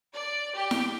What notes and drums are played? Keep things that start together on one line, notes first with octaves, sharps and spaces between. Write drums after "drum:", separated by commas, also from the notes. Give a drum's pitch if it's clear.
D5
G4
drum: snare E4